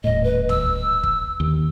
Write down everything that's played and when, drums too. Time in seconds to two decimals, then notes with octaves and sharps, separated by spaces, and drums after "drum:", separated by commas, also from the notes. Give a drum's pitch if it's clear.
0.04 D#1 A2 D#5
0.24 B4
0.49 E6, drum: tom C#2
1.03 drum: kick
1.40 D#2